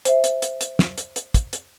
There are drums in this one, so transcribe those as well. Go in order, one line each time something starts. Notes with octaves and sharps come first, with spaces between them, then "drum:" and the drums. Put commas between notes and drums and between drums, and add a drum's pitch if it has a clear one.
C5 E5, drum: hi-hat
drum: hi-hat
drum: hi-hat
drum: hi-hat
drum: snare
drum: hi-hat
drum: hi-hat
drum: kick, hi-hat
drum: hi-hat